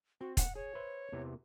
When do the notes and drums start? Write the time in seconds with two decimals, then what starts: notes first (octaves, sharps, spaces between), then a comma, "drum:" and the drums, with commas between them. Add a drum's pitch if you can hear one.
0.21 C4 F#4
0.37 F#5, drum: kick, hi-hat
0.55 G#4 C#5
0.75 B4 C5 E5
1.12 E2 C3 E3